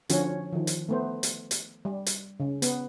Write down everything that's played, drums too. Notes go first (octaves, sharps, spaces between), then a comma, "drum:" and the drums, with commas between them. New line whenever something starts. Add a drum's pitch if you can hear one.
D3 F3 C#4 F#4 C#5, drum: hi-hat
D#3 F3
drum: hi-hat
A3 B3 C5
drum: hi-hat
drum: hi-hat
G3
drum: hi-hat
C#3
B3, drum: hi-hat